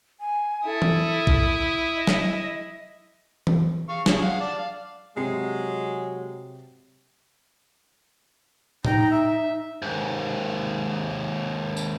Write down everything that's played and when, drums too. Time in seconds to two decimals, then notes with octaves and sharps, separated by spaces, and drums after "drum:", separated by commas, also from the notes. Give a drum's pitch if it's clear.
0.20 G#5
0.66 E4 A4 D#6
0.82 drum: tom E3
1.27 drum: kick
1.96 D#5
2.07 drum: snare
3.47 drum: tom E3
3.89 F5 C#6
4.06 F3 G#4 C#5, drum: snare
4.21 F5 F#5
4.41 D5 A5
4.58 F5
5.17 C3 F#3 G#3 G4 C7
8.85 D#4 G5 A#5, drum: tom A2
9.11 E5
9.82 D#2 G#2
11.77 drum: tambourine